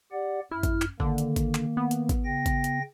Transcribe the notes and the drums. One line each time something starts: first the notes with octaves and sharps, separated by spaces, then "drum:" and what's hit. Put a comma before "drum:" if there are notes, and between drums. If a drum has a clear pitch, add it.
G4 D5 F#5
F#2 E4 F6
drum: kick G#1, hi-hat
drum: clap
D3 D#3 A#3, drum: kick G#1
drum: hi-hat
drum: kick G#1, hi-hat
drum: clap
B3
drum: hi-hat
drum: kick G#1, hi-hat
C#3 G5 A#6
drum: kick G#1, hi-hat
drum: hi-hat